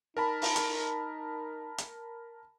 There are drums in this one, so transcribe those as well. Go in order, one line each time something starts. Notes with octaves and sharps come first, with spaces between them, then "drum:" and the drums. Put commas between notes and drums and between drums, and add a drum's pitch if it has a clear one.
D#4 A#4 A5 B5
drum: open hi-hat
drum: hi-hat
drum: hi-hat